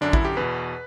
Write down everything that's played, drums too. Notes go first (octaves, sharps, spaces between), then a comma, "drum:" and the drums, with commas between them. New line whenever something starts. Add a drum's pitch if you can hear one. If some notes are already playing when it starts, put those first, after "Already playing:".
F#2 D3 D4
E4, drum: kick A1
G4
E2 B2 B4